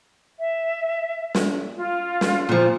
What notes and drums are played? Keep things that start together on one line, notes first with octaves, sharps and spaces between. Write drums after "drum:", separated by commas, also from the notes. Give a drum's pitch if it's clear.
E5
drum: snare
F4
drum: snare
A#2 F3